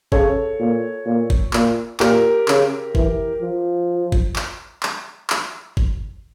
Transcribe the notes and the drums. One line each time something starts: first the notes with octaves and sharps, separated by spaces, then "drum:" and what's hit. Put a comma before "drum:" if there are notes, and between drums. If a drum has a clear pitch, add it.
C#3 A4 C#5, drum: kick G1
A#2
A#2
drum: kick G1
A#2, drum: clap
A#2 G4 A#4, drum: clap
C#3, drum: clap
E3, drum: kick G1
F3
drum: kick G1
drum: clap
drum: clap
drum: clap
drum: kick G1